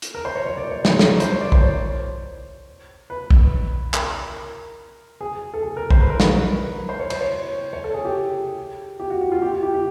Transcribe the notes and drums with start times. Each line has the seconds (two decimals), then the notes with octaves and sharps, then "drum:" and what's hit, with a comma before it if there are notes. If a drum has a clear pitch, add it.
0.02 drum: hi-hat
0.15 A#4
0.25 C5
0.36 C#5
0.46 C#5
0.57 D5
0.71 C#5
0.85 B4, drum: snare
0.99 A#4, drum: snare
1.20 C5, drum: hi-hat
1.32 C#5
1.41 D5
1.52 C5, drum: kick
1.62 C#5
3.10 B4
3.30 drum: kick
3.94 A#4, drum: clap
5.21 G#4
5.54 A4
5.62 G#4
5.77 A#4
5.90 C5, drum: kick
6.00 B4
6.10 A#4
6.20 B4, drum: snare
6.89 C5
7.00 C#5
7.10 C5, drum: cymbal
7.21 C#5
7.73 C#5
7.84 A4
7.94 G#4
8.05 G4
9.00 G4
9.10 F#4
9.21 F#4
9.32 F4
9.42 G4
9.63 G4
9.74 G4